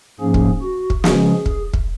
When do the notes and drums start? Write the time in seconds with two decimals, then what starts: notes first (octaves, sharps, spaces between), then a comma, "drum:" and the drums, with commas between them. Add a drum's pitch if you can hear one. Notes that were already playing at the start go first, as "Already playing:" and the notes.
0.20 G#2 F3 A#3 C#4 G#4
0.34 drum: kick
0.62 F#4
0.90 drum: kick
1.04 C#3 F3 G#3 C#4 G#4, drum: snare
1.46 drum: kick
1.74 drum: kick